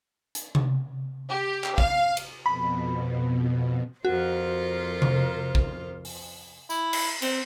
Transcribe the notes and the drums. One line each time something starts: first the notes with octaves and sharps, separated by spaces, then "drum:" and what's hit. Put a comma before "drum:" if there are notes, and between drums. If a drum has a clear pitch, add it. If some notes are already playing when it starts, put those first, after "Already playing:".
drum: hi-hat
drum: tom C3
G4
drum: clap
F5, drum: kick
drum: cymbal
F2 B2 B5
F2 F4 F#4 A#4 C5
drum: tom C3
drum: kick
drum: open hi-hat
E4, drum: tambourine
drum: cymbal
C4, drum: cymbal